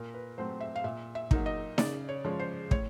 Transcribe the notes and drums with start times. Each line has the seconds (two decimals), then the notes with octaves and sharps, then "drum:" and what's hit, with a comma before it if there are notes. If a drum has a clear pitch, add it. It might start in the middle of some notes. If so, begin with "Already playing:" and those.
Already playing: A#2 A#4
0.14 B4
0.38 F#3 A3 C4 C5
0.61 E5
0.76 F5
0.84 A#2 E5
1.15 E5
1.31 F#3 A#3 D#4, drum: kick
1.46 D#5
1.78 C#3 D5, drum: snare D#4
2.09 C#5
2.25 F3 G#3 C#4
2.40 C5
2.71 A2 C#5, drum: kick